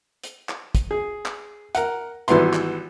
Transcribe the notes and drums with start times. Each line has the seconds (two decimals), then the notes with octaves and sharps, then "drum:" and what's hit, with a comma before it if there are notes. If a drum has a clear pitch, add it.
0.23 drum: hi-hat
0.49 drum: clap
0.75 drum: kick, hi-hat
0.91 G#4
1.26 drum: clap
1.75 A#4 F#5, drum: hi-hat
2.28 G#1 E3 G3 B3 C6, drum: hi-hat
2.53 drum: clap